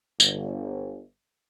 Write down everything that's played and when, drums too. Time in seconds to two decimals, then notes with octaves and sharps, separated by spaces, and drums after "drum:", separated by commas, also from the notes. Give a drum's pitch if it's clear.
0.20 G1, drum: tambourine